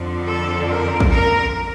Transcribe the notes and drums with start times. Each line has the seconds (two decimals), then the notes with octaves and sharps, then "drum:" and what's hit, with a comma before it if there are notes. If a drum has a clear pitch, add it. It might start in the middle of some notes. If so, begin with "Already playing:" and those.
Already playing: F2 D3 F3
0.26 A4
0.68 A#4
1.00 drum: kick
1.10 A#4